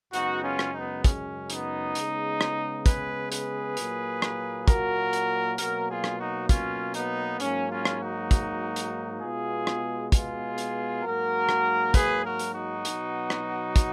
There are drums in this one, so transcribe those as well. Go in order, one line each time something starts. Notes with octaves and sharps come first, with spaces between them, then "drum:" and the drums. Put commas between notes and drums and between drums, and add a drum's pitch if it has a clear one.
F#2 C#3 G#3 B3 D#4 F#4, drum: hi-hat
C#4 F4
drum: rim click
B3 D#4
C#4, drum: kick, hi-hat
B3 D#4, drum: hi-hat
C#3 G#3 B3, drum: hi-hat
drum: rim click
G#4 B4, drum: kick, hi-hat
G#4 B4, drum: hi-hat
A#2 F#3 A#3, drum: hi-hat
drum: rim click
F#4 A#4, drum: kick, hi-hat
drum: hi-hat
B2 F#3 A#3 F#4 A#4, drum: hi-hat
F4 G#4
drum: rim click
D#4 F#4
C#4 F4, drum: kick, hi-hat
B3 D#4, drum: hi-hat
G#2 F#3 A#3 C#4, drum: hi-hat
C#4 F4
drum: rim click
D#4 F#4
drum: kick, hi-hat
drum: hi-hat
B2 G#3 B3 F4 G#4
drum: rim click
F4 G#4, drum: kick, hi-hat
drum: hi-hat
G#2 F#3 A#3 F#4 A#4
drum: rim click
G#4 B4, drum: kick, hi-hat
F#4 A#4
drum: hi-hat
D#4 F#4
B2 F#3 B3, drum: hi-hat
drum: rim click
drum: kick, hi-hat